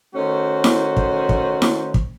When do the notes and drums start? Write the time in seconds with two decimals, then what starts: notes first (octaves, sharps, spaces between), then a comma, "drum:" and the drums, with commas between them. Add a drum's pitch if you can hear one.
0.15 D#3 A3 C#4 F#4 C5
0.64 drum: snare E4
0.97 drum: kick
1.29 drum: kick
1.62 drum: snare E4
1.94 drum: kick